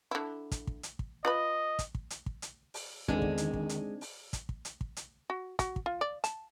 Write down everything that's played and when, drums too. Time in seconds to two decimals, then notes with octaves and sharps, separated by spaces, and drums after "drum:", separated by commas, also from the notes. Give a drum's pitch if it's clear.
0.11 D3 E4
0.51 drum: kick, hi-hat
0.67 drum: kick
0.83 drum: hi-hat
0.99 drum: kick
1.25 F4 B4 D#5 B5
1.79 drum: kick, hi-hat
1.95 drum: kick
2.10 drum: hi-hat
2.26 drum: kick
2.42 drum: hi-hat
2.74 drum: open hi-hat
3.08 E2 D3 D#3 G#3 C4 D4 D#4 G#5, drum: kick
3.22 drum: kick
3.38 drum: hi-hat
3.53 drum: kick
3.69 drum: hi-hat
4.01 drum: open hi-hat
4.33 drum: kick, hi-hat
4.49 drum: kick
4.65 drum: hi-hat
4.81 drum: kick
4.97 drum: hi-hat
5.30 F#4
5.59 F#4, drum: kick, hi-hat
5.76 drum: kick
5.86 F4
6.01 D5
6.24 A5, drum: hi-hat